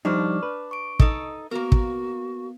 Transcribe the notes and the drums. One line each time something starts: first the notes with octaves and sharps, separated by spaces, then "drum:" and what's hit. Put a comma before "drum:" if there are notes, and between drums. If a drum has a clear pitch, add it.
F3 G3 D4 D#4 D5 C#6 F6
B4
C#6 D7
D#4 A4 D#5, drum: kick
A#3 B3 F#4 A#4
drum: kick